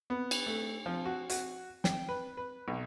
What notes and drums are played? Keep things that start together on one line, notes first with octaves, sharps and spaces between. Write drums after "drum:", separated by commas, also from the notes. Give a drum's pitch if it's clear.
B3
drum: cymbal
A3
F3
F#4
F#4, drum: hi-hat
G5, drum: snare
B4
B4
B1